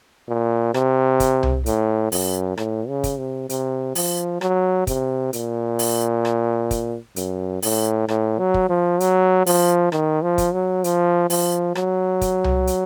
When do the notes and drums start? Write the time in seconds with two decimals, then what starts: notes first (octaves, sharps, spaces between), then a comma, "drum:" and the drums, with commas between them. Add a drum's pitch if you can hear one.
0.28 A#2
0.74 C3, drum: rim click
1.20 drum: kick, hi-hat
1.43 drum: tom C2
1.66 A2, drum: hi-hat
2.12 F#2, drum: open hi-hat
2.57 A2, drum: rim click
2.88 C#3
3.04 drum: kick, hi-hat
3.19 C3
3.49 C3, drum: hi-hat
3.95 F3, drum: open hi-hat
4.41 F#3, drum: rim click
4.87 C3, drum: kick, hi-hat
5.33 A#2, drum: hi-hat
5.79 drum: open hi-hat
6.25 drum: rim click
6.71 drum: kick, hi-hat
7.16 F#2, drum: hi-hat
7.62 A2, drum: open hi-hat
8.08 A2, drum: rim click
8.39 F#3
8.54 drum: kick
8.70 F3
9.00 F#3, drum: hi-hat
9.46 F3, drum: open hi-hat
9.92 D#3, drum: rim click
10.22 F3
10.38 drum: kick, hi-hat
10.53 F#3
10.84 F3, drum: hi-hat
11.30 F3, drum: open hi-hat
11.75 F#3, drum: rim click
12.21 drum: kick, hi-hat
12.44 drum: tom C2
12.67 drum: hi-hat